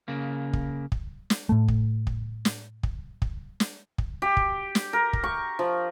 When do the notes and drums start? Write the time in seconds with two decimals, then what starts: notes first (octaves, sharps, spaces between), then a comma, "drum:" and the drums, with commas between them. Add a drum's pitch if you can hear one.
0.08 C#3 A#3
0.53 drum: kick
0.92 drum: kick
1.30 drum: snare
1.49 A2 A3
1.68 drum: kick
2.07 drum: kick
2.45 drum: snare
2.83 drum: kick
3.22 drum: kick
3.60 drum: snare
3.98 drum: kick
4.22 G4
4.37 drum: kick
4.75 drum: snare
4.93 A#4
5.13 drum: kick
5.24 C#6
5.59 F3